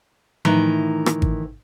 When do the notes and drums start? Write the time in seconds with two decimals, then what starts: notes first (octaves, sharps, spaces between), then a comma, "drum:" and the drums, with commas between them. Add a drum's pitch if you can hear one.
0.45 A2 D#3 E3 A#5, drum: tom F3
1.06 drum: rim click
1.22 drum: kick G#1